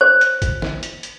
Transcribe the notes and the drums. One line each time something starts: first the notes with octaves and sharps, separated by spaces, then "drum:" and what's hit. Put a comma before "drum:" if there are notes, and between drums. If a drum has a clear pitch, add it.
C5
drum: hi-hat
drum: kick, hi-hat
drum: snare
drum: hi-hat
drum: hi-hat